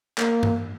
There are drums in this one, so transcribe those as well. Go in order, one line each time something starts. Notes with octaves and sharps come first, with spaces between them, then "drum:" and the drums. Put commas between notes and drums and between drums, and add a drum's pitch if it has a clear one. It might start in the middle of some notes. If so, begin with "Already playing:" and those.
A#3, drum: clap
drum: tom G2